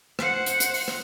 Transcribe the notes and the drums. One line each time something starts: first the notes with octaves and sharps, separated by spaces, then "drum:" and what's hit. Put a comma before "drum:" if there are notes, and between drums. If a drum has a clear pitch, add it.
C5 F#5, drum: rim click
drum: hi-hat
drum: hi-hat
drum: open hi-hat
drum: rim click